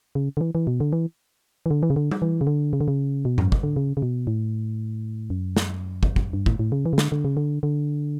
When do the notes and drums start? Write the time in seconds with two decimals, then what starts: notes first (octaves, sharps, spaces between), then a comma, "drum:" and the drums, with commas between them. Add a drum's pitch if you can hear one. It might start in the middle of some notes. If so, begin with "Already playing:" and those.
0.15 C#3
0.37 D3
0.41 E3
0.55 E3
0.67 B2
0.80 D3
0.93 E3
1.66 E3
1.71 D3
1.83 E3
1.90 C#3
1.96 D3
2.11 drum: tom G3
2.22 E3
2.41 C#3
2.47 D3
2.73 C#3
2.81 D3
2.88 C#3
3.25 B2
3.38 F#2, drum: tom G#2
3.52 drum: kick
3.63 D3
3.76 C#3
3.97 C#3
4.02 B2
4.27 A2
5.30 F#2
5.56 drum: snare
6.03 drum: kick
6.16 drum: kick
6.33 G2
6.46 A2, drum: kick
6.59 A2
6.72 C#3
6.86 E3
6.93 C#3
6.98 D3, drum: snare
7.12 D3
7.25 C#3
7.37 D3
7.63 D3